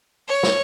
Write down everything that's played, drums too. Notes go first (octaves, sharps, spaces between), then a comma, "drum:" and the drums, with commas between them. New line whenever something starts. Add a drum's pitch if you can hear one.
C#5
drum: snare